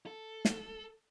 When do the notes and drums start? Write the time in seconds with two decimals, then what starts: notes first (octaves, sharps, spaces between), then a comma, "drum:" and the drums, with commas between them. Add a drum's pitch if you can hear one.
0.06 A4
0.45 drum: snare